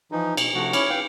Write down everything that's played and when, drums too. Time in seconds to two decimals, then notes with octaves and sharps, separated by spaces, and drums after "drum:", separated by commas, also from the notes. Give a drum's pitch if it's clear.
0.12 E3 F3 D#4
0.37 B2, drum: cymbal
0.54 C3 F3 A3 F#4
0.73 C#4 E4 C#5 D6 F6, drum: cymbal
0.90 B4 F5 G5